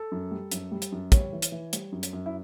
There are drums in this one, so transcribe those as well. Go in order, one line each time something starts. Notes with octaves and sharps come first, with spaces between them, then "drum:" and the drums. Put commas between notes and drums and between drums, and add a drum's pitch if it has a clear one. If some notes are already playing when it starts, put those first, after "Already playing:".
Already playing: A4
F#2
G3
F#2, drum: hi-hat
G3
drum: hi-hat
F#2
G3 C#5, drum: kick, hi-hat
E3
drum: hi-hat
E3
G3, drum: hi-hat
F#2
drum: hi-hat
F#2
E4